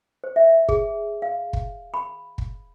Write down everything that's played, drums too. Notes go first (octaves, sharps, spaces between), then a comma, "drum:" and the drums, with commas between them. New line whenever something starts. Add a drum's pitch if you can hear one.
C5
E5
G#4, drum: kick
F5
drum: kick
B5
drum: kick